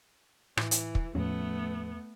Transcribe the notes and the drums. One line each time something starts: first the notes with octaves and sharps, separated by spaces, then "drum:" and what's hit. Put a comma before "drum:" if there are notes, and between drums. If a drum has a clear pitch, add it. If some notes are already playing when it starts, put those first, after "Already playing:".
A2 E3, drum: rim click
drum: hi-hat
drum: kick
E2 A2 F3 A3 B3 C#4